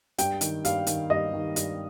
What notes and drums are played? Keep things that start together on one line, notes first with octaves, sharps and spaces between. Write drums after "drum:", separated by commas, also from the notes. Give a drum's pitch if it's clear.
G2 G5, drum: hi-hat
D#3, drum: hi-hat
G2 F5, drum: hi-hat
D#3, drum: hi-hat
G2 D#5
D#3
G2, drum: hi-hat